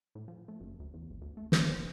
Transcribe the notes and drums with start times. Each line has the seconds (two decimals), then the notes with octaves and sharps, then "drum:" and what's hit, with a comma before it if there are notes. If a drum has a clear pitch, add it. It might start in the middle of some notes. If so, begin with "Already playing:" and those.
0.15 A2
0.28 F3
0.48 A3
0.60 F#1
0.80 D2
0.94 E2
1.10 G#1
1.22 D2
1.37 A3
1.52 A#1, drum: snare
1.69 F#1